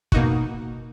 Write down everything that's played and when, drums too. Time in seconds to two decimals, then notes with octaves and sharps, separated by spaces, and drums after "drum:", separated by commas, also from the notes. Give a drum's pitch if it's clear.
0.12 B2 A#3 D#4 F#4, drum: kick